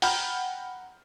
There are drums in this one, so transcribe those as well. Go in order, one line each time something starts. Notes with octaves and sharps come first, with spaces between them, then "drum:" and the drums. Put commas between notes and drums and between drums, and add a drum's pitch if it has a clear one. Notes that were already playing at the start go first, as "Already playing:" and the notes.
F#5 G5 A#5 B5 F6 G6, drum: open hi-hat